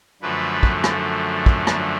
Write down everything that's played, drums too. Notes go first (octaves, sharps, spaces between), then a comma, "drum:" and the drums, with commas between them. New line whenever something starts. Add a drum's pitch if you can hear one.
F#2 D3 F3 A3 B4
drum: kick
drum: rim click
drum: kick
drum: rim click